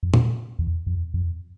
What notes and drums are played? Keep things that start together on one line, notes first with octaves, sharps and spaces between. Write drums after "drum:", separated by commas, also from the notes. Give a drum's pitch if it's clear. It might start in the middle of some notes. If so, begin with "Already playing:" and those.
F2
drum: tom
E2
F2
F2